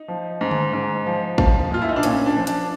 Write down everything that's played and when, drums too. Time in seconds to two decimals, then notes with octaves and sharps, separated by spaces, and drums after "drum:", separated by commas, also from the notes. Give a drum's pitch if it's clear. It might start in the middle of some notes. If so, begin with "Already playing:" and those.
Already playing: D#4
0.08 F3
0.41 G#2
0.51 drum: tom D3
0.73 G#2
1.06 F3
1.38 F3, drum: kick
1.71 A#2 F4
1.82 E4
1.89 D#4
1.96 D4
2.03 A#2 C#4, drum: hi-hat
2.26 D4
2.36 F3
2.47 D4, drum: hi-hat